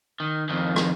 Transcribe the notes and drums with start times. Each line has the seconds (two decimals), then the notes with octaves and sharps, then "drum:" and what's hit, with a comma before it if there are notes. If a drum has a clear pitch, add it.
0.20 D#3
0.49 F2 D#3
0.76 drum: rim click